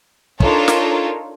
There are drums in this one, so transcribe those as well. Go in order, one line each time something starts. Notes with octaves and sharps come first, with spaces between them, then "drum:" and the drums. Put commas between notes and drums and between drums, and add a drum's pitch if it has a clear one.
D4 D#4 F4 A4 A#4 C#5, drum: kick
drum: snare